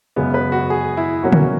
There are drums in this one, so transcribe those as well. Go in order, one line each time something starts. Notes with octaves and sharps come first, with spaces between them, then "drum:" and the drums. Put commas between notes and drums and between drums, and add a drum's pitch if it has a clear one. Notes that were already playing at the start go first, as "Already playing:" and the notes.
F#2 C#3 G#3 B3
B4
F#4
G#4
E4
B2 F#3 A#3 C#4 F#4
drum: tom C#3